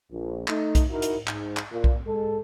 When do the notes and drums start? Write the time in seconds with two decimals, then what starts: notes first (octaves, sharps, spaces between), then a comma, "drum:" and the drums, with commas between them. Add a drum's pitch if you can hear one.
0.11 A#1
0.48 A3 D#4, drum: clap
0.75 drum: kick B1, hi-hat
0.90 D#4 E4 F#4 A#4
1.02 drum: hi-hat
1.27 G#2, drum: clap
1.57 drum: clap
1.71 A#2
1.84 drum: kick B1
2.05 G#3 A4